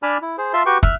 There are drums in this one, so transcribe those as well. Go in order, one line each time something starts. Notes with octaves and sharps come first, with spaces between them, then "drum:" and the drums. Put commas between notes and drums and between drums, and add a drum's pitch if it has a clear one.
D4 D5 G#5 A5 B5 F6
E4
G#4 C5
F4 E5 A5 C6
F#4 G4 B4 G5 C#6
E5 F6 F#6, drum: kick